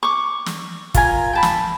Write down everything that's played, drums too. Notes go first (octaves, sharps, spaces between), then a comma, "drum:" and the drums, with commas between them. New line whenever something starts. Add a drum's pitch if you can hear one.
C#6 D6
drum: snare
F4 A#4 G#5, drum: kick, hi-hat
G5 A5 B5
drum: snare